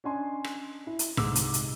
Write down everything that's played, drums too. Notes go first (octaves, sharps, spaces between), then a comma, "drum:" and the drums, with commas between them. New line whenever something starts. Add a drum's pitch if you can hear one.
C#4 D4 D#5 G#5 C6
drum: rim click
E4
drum: hi-hat
C2 G#2 D6 E6, drum: rim click
drum: hi-hat
drum: hi-hat